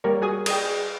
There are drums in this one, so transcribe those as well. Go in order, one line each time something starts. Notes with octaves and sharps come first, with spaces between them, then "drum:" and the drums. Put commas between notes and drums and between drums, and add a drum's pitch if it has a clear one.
G3 A#3 A#4 C#5
F#4 G#4 G#5 D#6
G#4 D#5 G5, drum: cymbal